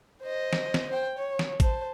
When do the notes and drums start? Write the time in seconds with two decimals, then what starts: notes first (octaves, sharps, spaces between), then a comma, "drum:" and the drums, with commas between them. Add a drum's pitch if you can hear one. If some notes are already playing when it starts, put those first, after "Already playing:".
0.22 C5 D#5
0.53 drum: snare
0.74 drum: snare
0.89 C5 G5
1.18 C#5
1.39 drum: snare
1.60 C5 A5, drum: kick A1, hi-hat